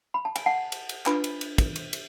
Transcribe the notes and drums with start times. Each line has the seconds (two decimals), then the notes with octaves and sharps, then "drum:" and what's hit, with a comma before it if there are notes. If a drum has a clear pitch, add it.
0.14 B5
0.25 A5
0.36 G#5, drum: cymbal
0.46 F#5 A5
0.72 drum: cymbal
0.89 drum: cymbal
1.06 D4 F4 B4 G#5 B5, drum: clap
1.24 drum: cymbal
1.41 drum: cymbal
1.58 drum: kick, cymbal
1.76 drum: cymbal
1.93 drum: cymbal